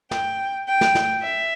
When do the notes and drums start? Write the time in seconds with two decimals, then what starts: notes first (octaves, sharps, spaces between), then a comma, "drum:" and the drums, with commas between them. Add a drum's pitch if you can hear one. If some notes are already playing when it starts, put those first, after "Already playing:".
0.11 G5, drum: snare
0.68 G5
0.81 drum: snare
0.95 drum: snare
1.23 E5